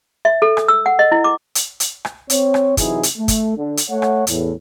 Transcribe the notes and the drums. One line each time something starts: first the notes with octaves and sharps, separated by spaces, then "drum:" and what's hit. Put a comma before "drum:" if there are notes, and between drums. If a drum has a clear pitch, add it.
E5
A4
D#6, drum: rim click
E6
F#5
D#5
E4
D6
drum: hi-hat
drum: hi-hat
drum: rim click
C4 C#5, drum: hi-hat
drum: rim click
C3 E3 F#3 D#4 E4 G#4, drum: kick, hi-hat
drum: hi-hat
A3
drum: kick, hi-hat
D3
drum: hi-hat
A3 C#5 F#5
drum: rim click
E2 A2, drum: hi-hat